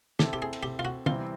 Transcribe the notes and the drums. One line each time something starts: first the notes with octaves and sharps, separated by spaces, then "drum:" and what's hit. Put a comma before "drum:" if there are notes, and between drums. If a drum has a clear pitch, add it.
C4 E4 G4 A4, drum: snare
G4
G#4
drum: cymbal
G4
F4
F#4
C3 E3 G3 C4 F4, drum: tom